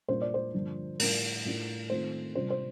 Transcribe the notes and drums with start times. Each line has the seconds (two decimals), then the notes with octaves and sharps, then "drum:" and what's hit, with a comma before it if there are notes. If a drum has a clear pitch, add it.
0.08 A#2 G3 A#3 D4 F4 C5
0.22 D5
0.34 C5
0.54 G2 D3 F3 A#3
0.99 A2 G3 D4 F4 A#4, drum: open hi-hat
1.45 A2 A3 D4 F4
1.90 D#3 A3 C4 F4 C5
2.35 C3 G3 D4 F4 C5
2.50 C5